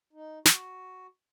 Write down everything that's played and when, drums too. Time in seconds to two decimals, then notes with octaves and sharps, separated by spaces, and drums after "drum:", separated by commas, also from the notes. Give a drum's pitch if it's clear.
0.13 D#4
0.45 F#4, drum: snare